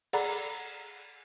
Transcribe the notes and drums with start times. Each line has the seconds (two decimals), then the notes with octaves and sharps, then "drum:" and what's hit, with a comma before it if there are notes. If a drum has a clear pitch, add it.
0.13 G#4 A4 D5 F#5 A#5 B5, drum: cymbal